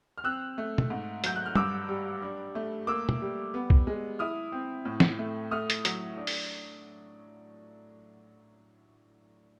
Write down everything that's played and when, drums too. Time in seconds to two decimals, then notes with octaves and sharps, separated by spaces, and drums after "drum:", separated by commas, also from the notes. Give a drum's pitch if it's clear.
0.18 F6
0.24 C4 E6 F#6
0.58 A3
0.78 drum: tom
0.90 G#2
1.24 F#3 G6, drum: hi-hat
1.36 F#6
1.46 F6
1.55 G2 D6 E6, drum: tom
1.88 G3
2.22 D4
2.55 A3
2.87 A#3 D6 E6
3.09 drum: tom
3.21 G3
3.54 B3
3.70 drum: kick B1
3.87 G#3
4.19 E4 D#6 F6
4.52 C4
4.85 A2
5.00 drum: snare
5.19 A3
5.51 A3 D#6 F6
5.70 drum: hi-hat
5.85 F#3, drum: hi-hat
6.17 D4
6.27 drum: open hi-hat